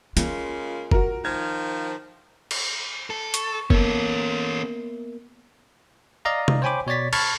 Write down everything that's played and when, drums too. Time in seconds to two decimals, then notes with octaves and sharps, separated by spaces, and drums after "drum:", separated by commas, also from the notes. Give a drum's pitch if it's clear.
0.17 C#3 G#3 A#3 F4, drum: hi-hat
0.91 F#4 A#4, drum: kick
1.25 D#3 F3 G#6
2.51 drum: cymbal
3.10 A4
3.34 C#6, drum: hi-hat
3.70 A#3 B3 C#4 A4 A#4, drum: kick
6.25 D5 D#5 F5 A#5
6.48 drum: tom C3
6.62 C5 C#5 G5 G#5 B5 D6
6.87 B2 C#5 D5 A6 B6
7.13 A5 B5 C#6 F6 G#6 A6, drum: cymbal